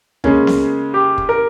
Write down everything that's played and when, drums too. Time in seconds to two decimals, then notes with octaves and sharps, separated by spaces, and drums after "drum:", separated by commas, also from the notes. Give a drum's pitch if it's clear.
0.24 C#3 G#3 A#3 C#4, drum: tom D2
0.47 drum: snare B3
0.94 G4
1.18 drum: kick
1.29 A#4